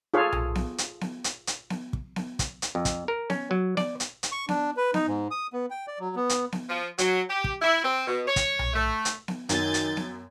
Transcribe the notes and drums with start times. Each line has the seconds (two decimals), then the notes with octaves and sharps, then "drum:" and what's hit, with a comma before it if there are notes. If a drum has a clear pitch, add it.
0.14 F4 G#4 A4 C#5 F5
0.32 drum: tom B1
0.55 drum: snare B3
0.78 drum: hi-hat
1.01 drum: snare B3
1.24 drum: hi-hat
1.47 drum: hi-hat
1.70 drum: snare B3
1.93 drum: kick
2.16 drum: snare B3
2.39 drum: kick, hi-hat
2.62 drum: hi-hat
2.75 F2
2.85 drum: kick, hi-hat
3.08 A#4
3.30 C#4, drum: snare B3
3.51 F#3
3.77 D5, drum: snare B3
4.00 drum: hi-hat
4.23 drum: hi-hat
4.32 C#6
4.49 D4, drum: snare B3
4.77 B4
4.94 D#4, drum: snare B3
5.07 G#2
5.31 D#6
5.53 B3
5.71 G5
5.87 D5
5.99 F#3
6.16 B3
6.29 drum: hi-hat
6.52 drum: snare B3
6.69 F3
6.98 F#3, drum: hi-hat
7.29 G4
7.44 drum: kick
7.62 E4
7.83 C4
8.06 B2
8.27 C#5
8.36 drum: kick, hi-hat
8.59 drum: tom B1
8.74 A3
9.05 drum: hi-hat
9.28 drum: snare B3
9.49 F#2 D#3 G#5 G6 A6, drum: hi-hat
9.74 drum: hi-hat
9.97 drum: snare B3